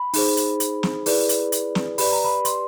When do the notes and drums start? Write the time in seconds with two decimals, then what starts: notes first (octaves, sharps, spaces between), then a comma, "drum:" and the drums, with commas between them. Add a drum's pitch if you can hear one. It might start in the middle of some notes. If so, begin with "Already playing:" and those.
Already playing: B5
0.14 D#4 G#4 C5, drum: open hi-hat
0.37 drum: hi-hat
0.60 drum: hi-hat
0.83 drum: snare
1.06 E4 G#4 B4 D5, drum: open hi-hat
1.29 drum: hi-hat
1.52 drum: hi-hat
1.75 drum: snare
1.98 G4 B4 D5 B5, drum: open hi-hat
2.12 A#5
2.24 B5
2.45 C6, drum: hi-hat